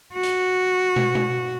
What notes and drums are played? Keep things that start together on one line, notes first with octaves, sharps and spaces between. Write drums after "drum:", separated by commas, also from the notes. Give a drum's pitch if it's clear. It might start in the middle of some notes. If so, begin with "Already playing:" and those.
F#4
drum: hi-hat
drum: tom
drum: tom